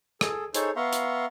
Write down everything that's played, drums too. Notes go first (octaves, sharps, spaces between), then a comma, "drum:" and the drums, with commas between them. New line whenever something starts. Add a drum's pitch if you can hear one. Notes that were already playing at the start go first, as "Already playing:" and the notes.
G#4 A4, drum: rim click
D#4 G#4 A4 C5 C#5, drum: hi-hat
B3 E5 F5 A#5 C6 C#6
drum: hi-hat